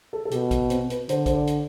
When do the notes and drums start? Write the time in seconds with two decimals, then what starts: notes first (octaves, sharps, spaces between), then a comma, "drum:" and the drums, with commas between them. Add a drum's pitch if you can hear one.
0.13 A4
0.25 A4
0.31 B2 G4, drum: hi-hat
0.51 drum: kick, hi-hat
0.70 C4, drum: hi-hat
0.90 B4, drum: hi-hat
1.09 D3 C5, drum: hi-hat
1.26 C5, drum: kick, hi-hat
1.35 D5
1.47 drum: hi-hat